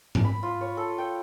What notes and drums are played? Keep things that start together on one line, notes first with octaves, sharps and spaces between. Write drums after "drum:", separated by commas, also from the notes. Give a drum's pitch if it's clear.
drum: tom G#2
B5
F4
C#5
A4
G5